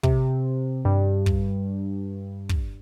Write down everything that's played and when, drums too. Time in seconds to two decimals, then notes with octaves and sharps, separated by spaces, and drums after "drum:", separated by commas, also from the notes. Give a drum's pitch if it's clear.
0.03 C3, drum: kick
0.85 G2
1.26 drum: kick
2.49 drum: kick